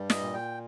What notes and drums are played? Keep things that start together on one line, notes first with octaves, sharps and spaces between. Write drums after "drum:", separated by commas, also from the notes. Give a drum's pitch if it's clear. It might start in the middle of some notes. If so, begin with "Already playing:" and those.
Already playing: G2 G3
D#5, drum: snare
A#2
G5